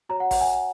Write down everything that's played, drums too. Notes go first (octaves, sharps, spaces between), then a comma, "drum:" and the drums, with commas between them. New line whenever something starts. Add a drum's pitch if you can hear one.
F#4 C#5 A#5
F#5
F#5, drum: kick A1, open hi-hat
G#5